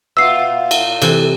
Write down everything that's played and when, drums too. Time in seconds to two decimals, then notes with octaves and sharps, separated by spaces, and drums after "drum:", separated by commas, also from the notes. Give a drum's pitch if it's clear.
0.17 A#2 F4 E5 F#5 E6 C7
0.71 drum: cymbal
1.02 C3 E3 A4, drum: cymbal